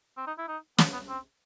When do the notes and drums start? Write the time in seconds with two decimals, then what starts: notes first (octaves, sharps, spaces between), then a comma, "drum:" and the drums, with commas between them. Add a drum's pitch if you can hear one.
0.17 C4
0.27 D#4
0.38 E4
0.48 D#4
0.78 B3, drum: snare
0.93 B3
1.09 C4